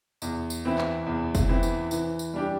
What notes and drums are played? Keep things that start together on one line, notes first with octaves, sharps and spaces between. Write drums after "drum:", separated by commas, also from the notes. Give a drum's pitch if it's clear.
E2, drum: tambourine
drum: tambourine
E3 C4 E4
drum: clap
E2
drum: kick, tambourine
E3 C4 E4
drum: tambourine
E3, drum: tambourine
drum: tambourine
G3 D4 G4